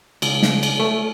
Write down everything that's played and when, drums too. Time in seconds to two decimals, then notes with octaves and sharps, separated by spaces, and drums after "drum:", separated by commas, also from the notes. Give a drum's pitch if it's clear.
0.22 C#2, drum: cymbal
0.42 drum: snare
0.63 drum: cymbal
0.79 A3